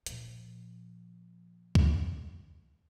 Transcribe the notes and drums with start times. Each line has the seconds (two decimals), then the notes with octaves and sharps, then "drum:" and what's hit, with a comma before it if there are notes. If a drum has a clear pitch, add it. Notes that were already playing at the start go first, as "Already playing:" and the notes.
0.06 A#2 F3, drum: hi-hat
1.75 drum: kick